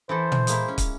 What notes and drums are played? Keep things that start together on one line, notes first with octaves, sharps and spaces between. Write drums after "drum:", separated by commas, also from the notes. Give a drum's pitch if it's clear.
E3 E4 A4 C5
drum: tom
G#3 A#3 E4, drum: hi-hat
C#4
drum: kick, hi-hat